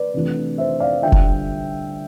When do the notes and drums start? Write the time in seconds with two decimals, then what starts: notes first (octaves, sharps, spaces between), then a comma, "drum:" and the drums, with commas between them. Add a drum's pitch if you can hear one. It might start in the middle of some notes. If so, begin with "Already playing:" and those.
Already playing: B4 D5
0.14 C3 E3 A3 D4 F4
0.58 C5 E5
0.80 D5 F5
1.02 D3 G3 D4 F4 E5 G5
1.12 drum: kick F1